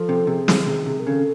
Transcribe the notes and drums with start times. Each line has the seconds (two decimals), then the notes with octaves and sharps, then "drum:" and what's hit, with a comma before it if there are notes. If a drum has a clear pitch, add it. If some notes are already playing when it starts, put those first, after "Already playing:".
Already playing: F3 A4
0.09 C3
0.27 C3 G#4
0.48 D#3, drum: snare
0.67 C3
0.86 C3
0.99 A#4
1.06 C#3 A4